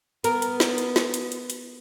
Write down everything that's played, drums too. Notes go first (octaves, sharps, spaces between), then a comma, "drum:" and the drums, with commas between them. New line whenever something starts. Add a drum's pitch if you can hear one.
B3 A#4, drum: hi-hat
drum: hi-hat
drum: snare
drum: hi-hat
drum: snare
drum: hi-hat
drum: hi-hat
drum: hi-hat